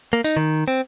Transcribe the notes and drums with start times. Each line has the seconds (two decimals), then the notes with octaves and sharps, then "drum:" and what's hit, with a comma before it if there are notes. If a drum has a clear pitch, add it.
0.13 A#3
0.24 D#4, drum: tambourine
0.37 D#3
0.68 C4